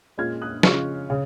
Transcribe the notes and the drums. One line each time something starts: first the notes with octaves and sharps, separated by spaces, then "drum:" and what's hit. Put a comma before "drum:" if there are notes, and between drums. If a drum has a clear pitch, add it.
A#2 G#3 C#4 F4 F6 G#6
D#6 F#6
C#3 F3 G#3 C#4 F4 C#6 F6, drum: snare
C#3